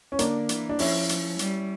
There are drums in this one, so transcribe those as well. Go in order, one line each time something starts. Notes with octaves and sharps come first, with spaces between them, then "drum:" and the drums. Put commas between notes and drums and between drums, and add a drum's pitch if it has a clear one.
C#4
D3 A#3 D4, drum: hi-hat
E3, drum: hi-hat
D4
F3 C#4 E4, drum: open hi-hat
drum: hi-hat
G3, drum: hi-hat